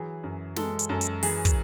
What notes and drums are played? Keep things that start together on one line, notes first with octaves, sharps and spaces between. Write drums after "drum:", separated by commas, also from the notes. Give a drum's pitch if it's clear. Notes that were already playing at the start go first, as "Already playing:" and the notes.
Already playing: E3 F#3 G#4
F#2
G#3 A4, drum: snare
drum: hi-hat
F#2 A4
drum: hi-hat
E3 G#4, drum: open hi-hat
drum: kick, hi-hat